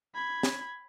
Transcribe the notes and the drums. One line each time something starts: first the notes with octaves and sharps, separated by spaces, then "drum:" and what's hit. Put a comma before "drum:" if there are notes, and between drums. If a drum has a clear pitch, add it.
B5 G#6
drum: snare